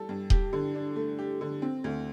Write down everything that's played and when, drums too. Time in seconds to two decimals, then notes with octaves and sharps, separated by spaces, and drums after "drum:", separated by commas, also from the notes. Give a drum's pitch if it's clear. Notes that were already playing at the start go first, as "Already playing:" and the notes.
Already playing: G3 A4
0.09 G2
0.30 G4, drum: kick D#1
0.53 D3
0.75 D4
0.96 A3
1.19 G4
1.41 D3
1.62 C4
1.84 D2